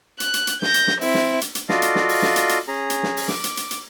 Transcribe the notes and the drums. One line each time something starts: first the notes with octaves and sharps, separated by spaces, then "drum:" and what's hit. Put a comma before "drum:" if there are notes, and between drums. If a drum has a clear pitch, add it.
F#6, drum: hi-hat
drum: hi-hat
drum: hi-hat
G6 A#6, drum: snare
drum: hi-hat
drum: snare
C4 E4, drum: open hi-hat
drum: snare
drum: hi-hat
drum: hi-hat
F4 F#4 A4 D5 D#5 F5, drum: snare
drum: hi-hat
drum: snare
drum: open hi-hat
drum: snare
drum: hi-hat
drum: hi-hat
C#4 G#4 A#5
drum: hi-hat
drum: snare
drum: open hi-hat
D6, drum: snare
drum: hi-hat
drum: hi-hat
drum: hi-hat